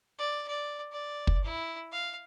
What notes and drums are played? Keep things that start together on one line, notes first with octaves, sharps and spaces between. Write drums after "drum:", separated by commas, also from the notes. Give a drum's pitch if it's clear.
D5
D5
D5
drum: kick
E4
F5